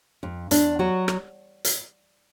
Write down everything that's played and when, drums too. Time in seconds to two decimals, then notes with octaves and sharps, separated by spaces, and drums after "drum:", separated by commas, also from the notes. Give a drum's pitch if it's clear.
0.23 F2
0.51 E2 D4, drum: hi-hat
0.79 F#3 F#4
1.08 drum: rim click
1.65 drum: hi-hat